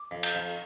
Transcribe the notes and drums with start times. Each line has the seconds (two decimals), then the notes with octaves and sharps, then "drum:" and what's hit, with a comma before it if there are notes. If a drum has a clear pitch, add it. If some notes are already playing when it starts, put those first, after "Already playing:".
Already playing: D6
0.11 F2
0.23 G6, drum: cymbal
0.35 F2